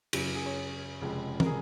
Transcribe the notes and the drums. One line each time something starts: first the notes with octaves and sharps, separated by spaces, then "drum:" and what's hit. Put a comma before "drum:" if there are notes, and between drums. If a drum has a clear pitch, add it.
F#2 C#3 F#3 C#4 G#5, drum: cymbal
G#4
C#5
F1 F2 C#3 F3 G#3
A#4, drum: tom
G#4